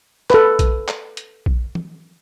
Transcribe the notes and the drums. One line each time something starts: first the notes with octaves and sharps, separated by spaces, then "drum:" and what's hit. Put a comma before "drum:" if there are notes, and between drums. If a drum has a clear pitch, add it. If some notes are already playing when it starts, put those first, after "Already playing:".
A4 B4, drum: clap
drum: kick A#1, hi-hat
drum: clap
drum: hi-hat
drum: kick A#1
drum: tom